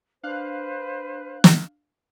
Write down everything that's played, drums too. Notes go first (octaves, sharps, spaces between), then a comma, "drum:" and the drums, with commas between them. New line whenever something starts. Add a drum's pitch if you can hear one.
D4 B4 C5 F5 F#6
drum: snare